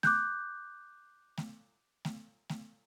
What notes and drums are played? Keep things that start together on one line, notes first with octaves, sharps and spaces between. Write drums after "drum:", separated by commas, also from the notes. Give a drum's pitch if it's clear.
D6 F#6 G6, drum: snare A3
drum: snare A3
drum: snare A3
drum: snare A3